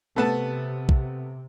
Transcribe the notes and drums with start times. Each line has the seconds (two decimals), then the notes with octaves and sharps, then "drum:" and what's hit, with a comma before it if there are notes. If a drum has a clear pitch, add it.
0.16 C3 A3 B3 A5
0.89 drum: kick A#1